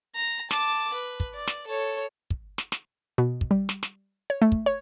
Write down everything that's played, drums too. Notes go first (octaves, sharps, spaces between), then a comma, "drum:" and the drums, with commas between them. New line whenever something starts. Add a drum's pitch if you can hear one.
A#5
A5 D6, drum: snare
B4
drum: kick
D5
drum: snare
A4 C#5
drum: kick
drum: snare
drum: snare
B2
drum: kick
G3
drum: snare
drum: snare
C#5
A3
drum: kick
C#5